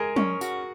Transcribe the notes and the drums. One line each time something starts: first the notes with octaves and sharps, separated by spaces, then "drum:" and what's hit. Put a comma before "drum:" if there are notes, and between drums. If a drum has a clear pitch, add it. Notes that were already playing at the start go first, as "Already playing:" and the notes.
Already playing: G#3 G#4 A#4
C#4, drum: tom
F#4, drum: tambourine